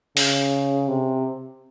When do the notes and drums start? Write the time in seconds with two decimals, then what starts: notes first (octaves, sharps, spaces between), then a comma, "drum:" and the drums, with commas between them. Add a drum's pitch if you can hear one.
0.17 C#3, drum: open hi-hat
0.89 C3